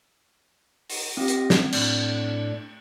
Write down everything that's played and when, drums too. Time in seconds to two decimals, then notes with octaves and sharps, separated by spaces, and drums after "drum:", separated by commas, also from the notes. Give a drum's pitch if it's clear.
0.90 drum: open hi-hat
1.17 C4 F4 G4 D#5
1.28 drum: hi-hat
1.50 drum: snare
1.73 A2 D4, drum: cymbal